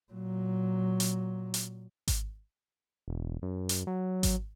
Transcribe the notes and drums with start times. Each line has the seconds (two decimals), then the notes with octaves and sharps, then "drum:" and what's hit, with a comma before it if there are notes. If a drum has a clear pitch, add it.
0.12 A#2 F#3
1.00 drum: hi-hat
1.54 drum: hi-hat
2.08 drum: kick G#1, hi-hat
3.08 E1
3.42 F#2
3.69 drum: hi-hat
3.87 F#3
4.23 drum: kick G#1, hi-hat